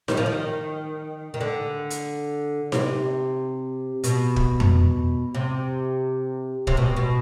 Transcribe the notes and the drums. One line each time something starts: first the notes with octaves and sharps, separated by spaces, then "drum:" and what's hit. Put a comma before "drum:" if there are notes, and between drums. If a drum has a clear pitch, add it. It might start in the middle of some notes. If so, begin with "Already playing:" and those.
D#3, drum: snare D#4
F3
D#3
D#3
D3
drum: hi-hat
C3, drum: snare D#4
B2, drum: hi-hat
drum: kick
drum: tom F2
C3
C3, drum: kick
B2
B2